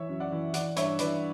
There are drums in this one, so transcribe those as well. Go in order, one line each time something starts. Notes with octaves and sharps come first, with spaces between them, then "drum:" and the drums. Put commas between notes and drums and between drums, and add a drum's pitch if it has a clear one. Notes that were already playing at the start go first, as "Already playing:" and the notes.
Already playing: E3 C#5 E5
F#2
D5 F#5
E3
E3 D5 F#5, drum: hi-hat
G2 C#5 E5, drum: hi-hat
E3 B4 D5, drum: hi-hat